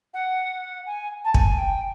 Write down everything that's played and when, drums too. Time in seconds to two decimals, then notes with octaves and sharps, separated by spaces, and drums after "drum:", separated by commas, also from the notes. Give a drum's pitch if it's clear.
0.14 F#5
0.86 G#5
1.25 A5
1.34 G#5, drum: kick
1.58 G5